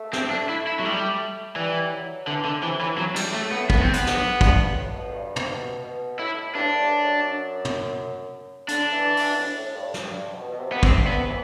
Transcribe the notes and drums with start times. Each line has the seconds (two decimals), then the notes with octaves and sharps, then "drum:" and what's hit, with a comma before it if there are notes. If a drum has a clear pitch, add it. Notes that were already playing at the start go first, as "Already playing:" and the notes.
Already playing: A3
0.13 C4, drum: snare
0.31 D4
0.49 E4
0.67 E4
0.80 F#3
0.85 G3
1.55 E3 G3
1.91 F#3
2.27 D3 E3
2.45 D3
2.62 C3 E3
2.81 A2 E3
2.98 F#3
3.16 G3, drum: cymbal
3.34 A3
3.52 B3
3.70 B3, drum: kick
3.81 C4
3.93 B3, drum: hi-hat
4.07 drum: snare
4.41 G2, drum: kick
4.59 G2
4.76 A2
4.95 B2
5.13 G2
5.36 C3, drum: tom
5.48 B2
5.84 B2
6.19 A2 E4
6.55 G2 D4
6.64 A2
6.74 G2
6.91 F#2
7.65 drum: tom
8.68 D3 D4, drum: hi-hat
8.93 E3
9.17 E3, drum: open hi-hat
9.30 B2
9.40 A2
9.58 A2
9.76 G2
9.94 F#2, drum: snare
10.12 G2
10.35 B2
10.52 B2
10.59 C3
10.72 B3
10.83 A2 C4, drum: kick
11.01 G2
11.07 B3
11.18 C3
11.29 E3